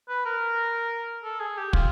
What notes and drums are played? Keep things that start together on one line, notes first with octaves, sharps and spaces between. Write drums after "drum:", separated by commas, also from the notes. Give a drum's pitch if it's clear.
B4
A#4
A4
G#4
G4
F4, drum: kick